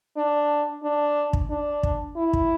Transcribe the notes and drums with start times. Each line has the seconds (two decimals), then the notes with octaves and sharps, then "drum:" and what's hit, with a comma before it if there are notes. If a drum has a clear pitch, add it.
0.17 D4
0.83 D4
1.33 drum: kick
1.50 D4
1.83 drum: kick
2.16 E4
2.33 drum: kick